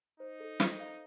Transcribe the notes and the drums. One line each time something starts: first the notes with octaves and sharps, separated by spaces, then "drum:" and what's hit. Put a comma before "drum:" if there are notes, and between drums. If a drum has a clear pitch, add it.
D#4 C5
A4
C5, drum: snare
F5